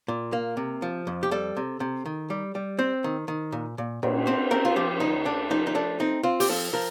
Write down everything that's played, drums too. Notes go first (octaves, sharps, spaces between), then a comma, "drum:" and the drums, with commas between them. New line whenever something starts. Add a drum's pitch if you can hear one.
A#2
A#3
C3
F3
F2
G4
G3 A4
C3
C3
D#3
G3
G3
C4 C5
D#3
D#3
A#2
A#2
A#2, drum: cymbal
C4 C5
C4 A#4
F4
F3 G4
D2 D#4
D3 D4
F3 D#4
D#4
A3 D4
C4 D#4
C4 F4
G4, drum: open hi-hat
F3 A4
F3 A#4